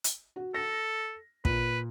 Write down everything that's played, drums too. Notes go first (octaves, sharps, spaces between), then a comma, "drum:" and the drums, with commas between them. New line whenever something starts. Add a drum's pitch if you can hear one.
drum: hi-hat
F#4
A4 A#6
A#2 B4, drum: kick